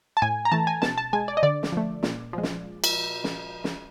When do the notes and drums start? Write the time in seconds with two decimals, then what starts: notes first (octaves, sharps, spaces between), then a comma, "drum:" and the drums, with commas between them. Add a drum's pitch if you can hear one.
0.17 A5
0.22 A2 G#5
0.45 A#5
0.52 E3 A3 A5
0.67 G#5
0.82 B2 A5, drum: snare
0.98 A5
1.13 G#3 G#5
1.28 D5
1.37 D#5
1.43 D3 D5
1.63 drum: snare
1.72 F3 A3
2.03 A#2, drum: snare
2.33 F3 G#3
2.43 drum: snare
2.84 drum: cymbal
3.24 drum: snare
3.64 drum: snare